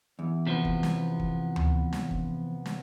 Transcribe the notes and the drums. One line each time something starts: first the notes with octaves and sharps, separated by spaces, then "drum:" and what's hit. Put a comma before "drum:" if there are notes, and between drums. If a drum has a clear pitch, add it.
E2
C3 F3 B3
drum: kick
drum: snare
drum: kick
drum: tom D2
drum: snare
drum: kick
drum: snare